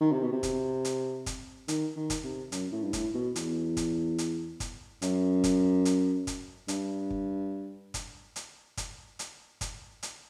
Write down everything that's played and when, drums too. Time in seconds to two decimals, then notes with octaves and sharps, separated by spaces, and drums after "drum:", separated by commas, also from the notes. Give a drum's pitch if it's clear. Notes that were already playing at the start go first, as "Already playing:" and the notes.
0.01 D#3
0.12 C3
0.23 B2
0.32 C3
0.43 drum: kick, hi-hat
0.85 drum: hi-hat
1.26 drum: kick, hi-hat
1.68 D#3, drum: hi-hat
1.96 D#3
2.10 drum: kick, hi-hat
2.24 C3
2.52 F#2, drum: hi-hat
2.72 A2
2.84 G2
2.93 A2, drum: kick, hi-hat
3.14 B2
3.36 E2, drum: hi-hat
3.77 drum: kick, hi-hat
4.18 drum: hi-hat
4.60 drum: kick, hi-hat
5.02 F#2, drum: hi-hat
5.44 drum: kick, hi-hat
5.85 drum: hi-hat
6.27 drum: kick, hi-hat
6.68 G2, drum: hi-hat
7.10 drum: kick
7.94 drum: kick, hi-hat
8.36 drum: hi-hat
8.77 drum: kick, hi-hat
9.19 drum: hi-hat
9.61 drum: kick, hi-hat
10.03 drum: hi-hat